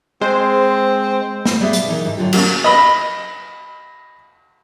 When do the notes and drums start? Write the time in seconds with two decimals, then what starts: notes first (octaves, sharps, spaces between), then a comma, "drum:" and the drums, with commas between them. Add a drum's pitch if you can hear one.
0.21 G#3 C4 C5
1.45 drum: snare
1.60 G3 B3 G4 G#4 E5 F5
1.73 B2 G3, drum: hi-hat
1.88 D#3 E3 D#4
2.05 G#2
2.17 D3 F#3 F4 G4
2.33 A#3 B3 C#4 F#4 G4 A#4, drum: cymbal
2.64 D#5 B5